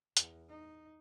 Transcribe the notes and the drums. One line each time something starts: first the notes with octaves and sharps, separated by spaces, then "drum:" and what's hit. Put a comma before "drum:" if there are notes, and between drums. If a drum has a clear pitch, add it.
E2, drum: hi-hat
D#4